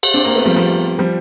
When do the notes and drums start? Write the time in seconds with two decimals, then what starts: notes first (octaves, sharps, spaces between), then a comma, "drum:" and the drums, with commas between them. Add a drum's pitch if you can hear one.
0.03 drum: cymbal
0.14 C4 D4
0.24 A#3 C4
0.35 A3 B3
0.46 F3 G3
0.56 F3 G3
0.99 F3 G3